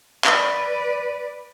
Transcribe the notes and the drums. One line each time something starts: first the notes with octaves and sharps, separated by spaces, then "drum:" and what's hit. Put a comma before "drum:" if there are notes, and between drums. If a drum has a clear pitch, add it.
B4 D5, drum: clap